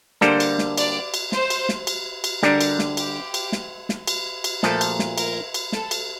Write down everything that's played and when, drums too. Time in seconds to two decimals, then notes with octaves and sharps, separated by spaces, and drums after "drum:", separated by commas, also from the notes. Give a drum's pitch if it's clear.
0.21 D3 G3 A#3 D4 A4 C5, drum: snare
0.40 drum: cymbal
0.59 drum: snare
0.78 D5, drum: cymbal
1.14 drum: cymbal
1.32 C5, drum: snare
1.50 drum: cymbal
1.69 drum: snare
1.87 drum: cymbal
2.24 drum: cymbal
2.42 D3 G3 D4 A#4, drum: snare
2.61 drum: cymbal
2.79 drum: snare
2.97 G4, drum: cymbal
3.34 drum: cymbal
3.52 drum: snare
3.89 drum: snare
4.07 drum: cymbal
4.44 drum: cymbal
4.63 A#2 F3 A3 A4, drum: snare
4.81 drum: cymbal
4.99 drum: snare
5.18 A#4, drum: cymbal
5.54 drum: cymbal
5.72 A4, drum: snare
5.91 drum: cymbal